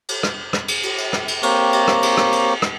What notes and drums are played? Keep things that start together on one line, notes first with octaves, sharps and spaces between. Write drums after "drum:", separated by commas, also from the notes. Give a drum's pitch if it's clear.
drum: cymbal
drum: rim click
drum: rim click
drum: cymbal
drum: cymbal
drum: cymbal
drum: rim click
drum: cymbal
A#3 C4 G4 C#5, drum: cymbal
drum: cymbal
drum: rim click
drum: cymbal
drum: rim click
drum: cymbal
drum: rim click